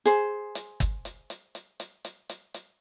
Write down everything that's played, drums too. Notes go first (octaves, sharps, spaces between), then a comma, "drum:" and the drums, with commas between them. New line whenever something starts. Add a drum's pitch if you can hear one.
G#4 C5, drum: hi-hat
drum: hi-hat
drum: kick, hi-hat
drum: hi-hat
drum: hi-hat
drum: hi-hat
drum: hi-hat
drum: hi-hat
drum: hi-hat
drum: hi-hat